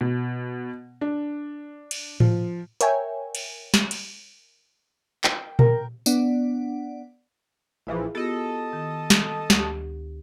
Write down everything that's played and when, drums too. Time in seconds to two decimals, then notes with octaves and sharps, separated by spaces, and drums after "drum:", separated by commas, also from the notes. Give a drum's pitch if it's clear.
0.01 B2
1.01 D4
1.91 drum: cymbal
2.20 F3, drum: tom A2
2.81 A#4 C#5 E5 G5 G#5, drum: hi-hat
3.35 drum: cymbal
3.74 drum: snare
3.91 drum: cymbal
5.24 G5, drum: clap
5.59 A#4, drum: tom A#2
6.06 B3 D4 D5 F#5, drum: tambourine
7.87 A#1 E3 F3 E4 G#4
8.15 B3 F4 G4 A4 D#5
8.73 D#3
9.10 drum: snare
9.50 D2 G4, drum: snare